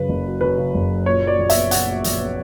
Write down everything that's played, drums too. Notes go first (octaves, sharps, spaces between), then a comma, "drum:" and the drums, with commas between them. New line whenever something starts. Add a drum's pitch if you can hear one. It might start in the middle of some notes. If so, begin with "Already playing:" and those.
Already playing: F#2 C#3 B4
F#1
F#3
F#2 B4
C#3
F#1
F#3
A#2 C#5
F#3 D5
A#1
E5, drum: hi-hat
B3
A#2 F#5, drum: hi-hat
F#3
A#1, drum: hi-hat
B3